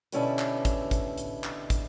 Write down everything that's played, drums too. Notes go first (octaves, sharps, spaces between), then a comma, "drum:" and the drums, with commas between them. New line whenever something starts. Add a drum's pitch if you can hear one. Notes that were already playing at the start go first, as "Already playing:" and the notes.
B2 D3 C#4 E4 G4 B4, drum: hi-hat
drum: clap
drum: kick, hi-hat
drum: kick, hi-hat
drum: hi-hat
drum: clap
drum: kick, hi-hat